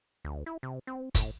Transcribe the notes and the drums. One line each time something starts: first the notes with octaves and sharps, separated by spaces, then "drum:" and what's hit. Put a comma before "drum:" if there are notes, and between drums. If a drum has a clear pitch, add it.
D2
E4
C3
C4
A2, drum: kick, hi-hat